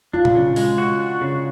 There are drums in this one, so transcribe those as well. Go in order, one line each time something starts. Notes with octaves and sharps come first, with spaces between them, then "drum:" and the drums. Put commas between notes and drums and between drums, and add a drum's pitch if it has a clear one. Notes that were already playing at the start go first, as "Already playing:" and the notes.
D4 F4
drum: tom A#2
C#3
G#3, drum: open hi-hat
F#4
D4
C#3